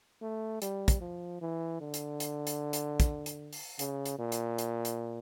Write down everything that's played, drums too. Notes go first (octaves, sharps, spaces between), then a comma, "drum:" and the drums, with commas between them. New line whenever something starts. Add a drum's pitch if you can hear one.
A3
G3, drum: hi-hat
drum: kick, hi-hat
F3
E3
D3
drum: hi-hat
drum: hi-hat
drum: hi-hat
drum: hi-hat
drum: kick, hi-hat
drum: hi-hat
drum: open hi-hat
C#3, drum: hi-hat
drum: hi-hat
A#2
drum: hi-hat
drum: hi-hat
drum: hi-hat